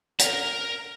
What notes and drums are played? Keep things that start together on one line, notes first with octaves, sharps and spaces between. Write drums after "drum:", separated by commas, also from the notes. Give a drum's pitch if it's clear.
A#4 A#5, drum: hi-hat